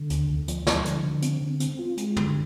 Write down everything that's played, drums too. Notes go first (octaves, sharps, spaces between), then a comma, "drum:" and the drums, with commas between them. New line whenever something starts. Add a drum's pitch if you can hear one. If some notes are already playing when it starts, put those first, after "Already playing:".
Already playing: D3
D2, drum: hi-hat
D2
F3, drum: hi-hat
F3, drum: snare
D3, drum: hi-hat
D3
C4, drum: hi-hat
D3
C4, drum: hi-hat
F4
G#3, drum: hi-hat
D3, drum: tom